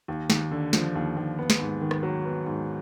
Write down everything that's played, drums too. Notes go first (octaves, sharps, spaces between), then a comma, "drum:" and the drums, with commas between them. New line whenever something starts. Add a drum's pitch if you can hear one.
D#2
D#2, drum: snare
D3
F3, drum: snare
D#2
D#2
B3
drum: snare
G#2
D#3
drum: rim click
F#3
B3
G#2